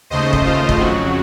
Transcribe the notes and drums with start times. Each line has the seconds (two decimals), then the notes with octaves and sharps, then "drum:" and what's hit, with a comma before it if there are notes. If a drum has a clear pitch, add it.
0.10 D#2 C#3 A3 C5 D#5
0.33 drum: kick
0.45 F4
0.69 drum: kick
0.79 F2 C#3 F#3 F#4